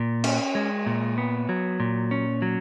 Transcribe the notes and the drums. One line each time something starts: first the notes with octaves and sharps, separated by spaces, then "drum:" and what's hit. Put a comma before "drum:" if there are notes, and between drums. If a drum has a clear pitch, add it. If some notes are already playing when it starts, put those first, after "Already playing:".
Already playing: A#2
C#4, drum: cymbal
G#3
A#2
B3
F#3
A#2
C#4
F#3